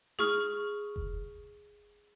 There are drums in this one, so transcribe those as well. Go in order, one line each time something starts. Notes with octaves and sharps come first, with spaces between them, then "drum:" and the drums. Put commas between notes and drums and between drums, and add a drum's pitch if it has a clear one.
G#4 C#6 F6, drum: tom D#4
drum: kick F1